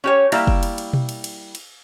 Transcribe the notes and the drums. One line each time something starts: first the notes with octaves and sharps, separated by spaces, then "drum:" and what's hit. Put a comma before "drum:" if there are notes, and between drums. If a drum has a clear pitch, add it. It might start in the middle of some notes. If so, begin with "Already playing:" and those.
C#4 G4 C#5
G3 A#3 E4 E5, drum: cymbal
drum: kick
drum: cymbal
drum: cymbal
drum: tom B2
drum: cymbal
drum: cymbal
drum: cymbal